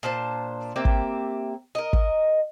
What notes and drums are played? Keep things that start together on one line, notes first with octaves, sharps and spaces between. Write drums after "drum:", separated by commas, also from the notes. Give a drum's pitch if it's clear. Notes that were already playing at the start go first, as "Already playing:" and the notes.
A#2 D4 C5 A5
A#3 C4 G4 E5
drum: kick
A#4 D#5
drum: kick